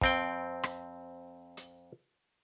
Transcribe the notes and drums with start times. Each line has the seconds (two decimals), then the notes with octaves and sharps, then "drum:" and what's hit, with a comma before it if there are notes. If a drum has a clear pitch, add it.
0.01 F2 C4 G5, drum: kick
0.63 drum: rim click
1.57 drum: hi-hat